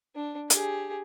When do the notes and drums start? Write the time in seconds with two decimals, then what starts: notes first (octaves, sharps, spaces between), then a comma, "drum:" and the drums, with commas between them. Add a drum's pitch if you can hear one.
0.15 D4
0.50 G4 G#4, drum: hi-hat